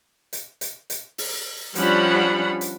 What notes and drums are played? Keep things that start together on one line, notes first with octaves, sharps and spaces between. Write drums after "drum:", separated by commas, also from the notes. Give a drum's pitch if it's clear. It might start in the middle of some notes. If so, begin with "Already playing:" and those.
drum: hi-hat
drum: hi-hat
drum: hi-hat
drum: open hi-hat
F3 G3 C#4 D4 F#5 B5, drum: hi-hat
drum: hi-hat